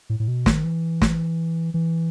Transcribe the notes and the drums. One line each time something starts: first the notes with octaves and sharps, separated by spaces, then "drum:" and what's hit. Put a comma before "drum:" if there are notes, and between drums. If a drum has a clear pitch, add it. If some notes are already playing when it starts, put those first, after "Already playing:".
A2
A2
B2
D#3, drum: snare
E3
drum: snare
E3